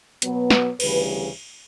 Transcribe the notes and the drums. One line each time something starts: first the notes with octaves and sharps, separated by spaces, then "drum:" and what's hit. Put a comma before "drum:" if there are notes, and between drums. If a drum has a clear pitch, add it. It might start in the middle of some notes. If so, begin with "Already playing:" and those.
B2 F#3 B3, drum: hi-hat
B4, drum: snare
D2 C#3 E3 G3 B4, drum: cymbal